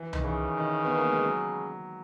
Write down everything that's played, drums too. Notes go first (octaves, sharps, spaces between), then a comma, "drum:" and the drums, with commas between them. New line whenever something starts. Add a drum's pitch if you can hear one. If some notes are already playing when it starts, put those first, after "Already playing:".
Already playing: E3
D#3, drum: tom C2
C#3 E3
D#3
B3
A#3
G#3
F#3